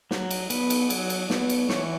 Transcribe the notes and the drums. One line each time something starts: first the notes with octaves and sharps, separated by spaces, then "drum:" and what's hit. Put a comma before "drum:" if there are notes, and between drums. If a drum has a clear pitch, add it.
F#3, drum: snare
drum: cymbal
B3, drum: cymbal
drum: cymbal
F#3, drum: cymbal
drum: cymbal
B3, drum: snare
drum: cymbal
E3 C#5, drum: snare